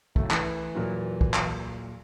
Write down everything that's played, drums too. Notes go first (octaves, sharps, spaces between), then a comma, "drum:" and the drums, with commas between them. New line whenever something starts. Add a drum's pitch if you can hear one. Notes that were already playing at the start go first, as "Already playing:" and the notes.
F#1 A3, drum: kick
E3, drum: clap
D#1 A#2 F#3
drum: kick
drum: clap